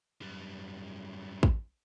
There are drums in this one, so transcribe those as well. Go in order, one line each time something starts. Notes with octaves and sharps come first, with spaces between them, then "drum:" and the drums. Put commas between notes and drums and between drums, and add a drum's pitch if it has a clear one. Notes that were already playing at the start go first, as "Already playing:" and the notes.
F#2 G3
drum: kick